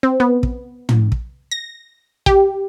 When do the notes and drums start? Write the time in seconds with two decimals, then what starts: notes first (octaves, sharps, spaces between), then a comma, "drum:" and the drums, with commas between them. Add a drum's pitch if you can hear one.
0.03 C4
0.20 B3
0.43 drum: kick
0.89 drum: tom
1.12 drum: kick
1.51 A#6
2.26 G4, drum: kick